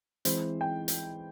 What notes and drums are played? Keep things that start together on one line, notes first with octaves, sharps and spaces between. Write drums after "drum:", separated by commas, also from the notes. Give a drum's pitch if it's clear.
E3 G#3 C4 E4 C5, drum: hi-hat
G5
drum: hi-hat